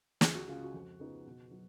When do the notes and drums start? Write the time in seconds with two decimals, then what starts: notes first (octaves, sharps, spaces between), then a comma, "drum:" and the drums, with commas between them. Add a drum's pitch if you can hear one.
0.21 C#2 G#4, drum: snare
0.35 F#4
0.48 C#3 G#3 C#4 F4
0.63 F#4
0.74 F2
0.99 C#3 F3 B3 D#4
1.26 B2
1.51 F#3